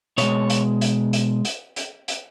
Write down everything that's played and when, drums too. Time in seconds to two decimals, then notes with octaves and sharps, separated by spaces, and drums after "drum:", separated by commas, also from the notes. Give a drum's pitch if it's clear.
0.18 B2 G#3 C#5, drum: hi-hat
0.50 drum: hi-hat
0.81 drum: hi-hat
1.13 drum: hi-hat
1.45 drum: hi-hat
1.76 drum: hi-hat
2.08 drum: hi-hat